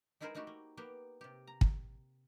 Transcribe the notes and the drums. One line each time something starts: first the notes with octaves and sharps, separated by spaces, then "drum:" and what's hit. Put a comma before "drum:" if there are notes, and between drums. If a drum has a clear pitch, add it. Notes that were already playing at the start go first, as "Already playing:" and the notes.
G#3 D#4 E4 G#4 A#4 C5
A3 D#4 E4 F#4 G4
A#3
A#3 B3 G4
C3 G4
A#5
drum: kick